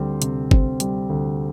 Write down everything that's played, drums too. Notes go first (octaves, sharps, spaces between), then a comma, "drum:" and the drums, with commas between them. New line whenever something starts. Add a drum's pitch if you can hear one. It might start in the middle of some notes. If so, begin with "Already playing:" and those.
Already playing: D2 G3 C4
C3, drum: hi-hat
C4, drum: kick
G3, drum: hi-hat
D2